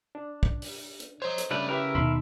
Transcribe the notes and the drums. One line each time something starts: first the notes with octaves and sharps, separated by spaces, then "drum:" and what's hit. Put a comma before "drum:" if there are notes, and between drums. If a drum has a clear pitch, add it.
D4
drum: kick
drum: open hi-hat
drum: hi-hat
C5 C#5 D#5 A#5
drum: hi-hat
C#3 G3 A3 D4 B4 F#5
E4 G4 A#4 B4 E5
D#2 B2 D#3 B5 C6 E6